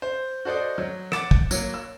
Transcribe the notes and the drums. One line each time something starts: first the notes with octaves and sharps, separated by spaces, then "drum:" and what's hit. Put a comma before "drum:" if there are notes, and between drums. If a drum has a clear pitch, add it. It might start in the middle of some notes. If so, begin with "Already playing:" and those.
C5
F#4 A4 C5 D5 D#5
F#3
F#5 D6 A6 C#7 E7, drum: rim click
drum: kick
F#3 A#3, drum: tambourine
E6